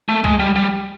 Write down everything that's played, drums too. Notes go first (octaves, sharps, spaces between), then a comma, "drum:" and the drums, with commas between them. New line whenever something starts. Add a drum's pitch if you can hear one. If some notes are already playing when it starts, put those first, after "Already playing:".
A3
G#3, drum: kick C#2
G3
G3